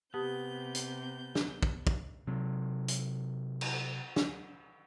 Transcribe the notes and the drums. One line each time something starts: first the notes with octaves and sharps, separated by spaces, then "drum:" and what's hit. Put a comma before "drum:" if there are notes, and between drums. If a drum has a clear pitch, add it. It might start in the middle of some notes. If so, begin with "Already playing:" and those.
C3 B3 G4 A5 D#6 G6
drum: hi-hat
drum: snare
drum: kick
drum: kick
C3 F#3
drum: hi-hat
drum: cymbal
drum: snare